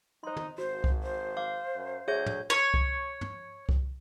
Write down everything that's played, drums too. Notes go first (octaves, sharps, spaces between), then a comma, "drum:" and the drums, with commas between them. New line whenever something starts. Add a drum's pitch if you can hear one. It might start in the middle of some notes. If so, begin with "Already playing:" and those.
D#4 C5 C6
drum: tom
G#1 F#4 C5
drum: kick C2
C5
F5 D6
F#2
D2 G#4 C#5 E5 G6
drum: tom
C#5
drum: kick C2
drum: tom
drum: kick C2